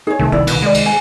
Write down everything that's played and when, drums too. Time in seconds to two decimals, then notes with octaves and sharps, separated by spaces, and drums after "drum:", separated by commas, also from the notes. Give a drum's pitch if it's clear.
0.07 D#4 G#4 C#5
0.19 C2 D#3 A3
0.32 G1 E4 D5
0.47 B2 B4, drum: cymbal
0.62 G#3 D5 D#5
0.74 drum: cymbal
0.86 G#5